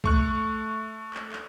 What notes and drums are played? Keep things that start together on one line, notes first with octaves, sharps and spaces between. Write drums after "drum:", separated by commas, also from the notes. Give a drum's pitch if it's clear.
A3 C#6 F#6, drum: kick
drum: clap
drum: clap